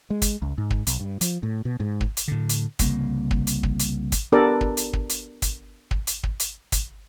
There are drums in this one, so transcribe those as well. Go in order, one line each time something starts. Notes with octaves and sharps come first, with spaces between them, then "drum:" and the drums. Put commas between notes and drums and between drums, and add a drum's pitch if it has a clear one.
G#3
drum: kick, hi-hat
C#2
G#2
drum: kick
B1, drum: hi-hat
G2
F3, drum: hi-hat
A2
B2
G#2
drum: kick
drum: hi-hat
A2 D3
drum: hi-hat
C2 C#3 A#3, drum: kick, hi-hat
drum: kick
drum: hi-hat
drum: kick
drum: hi-hat
drum: kick, hi-hat
B3 D4 G4 A4 A#4 D5
drum: kick
drum: hi-hat
drum: kick
drum: hi-hat
drum: kick, hi-hat
drum: kick
drum: hi-hat
drum: kick
drum: hi-hat
drum: kick, hi-hat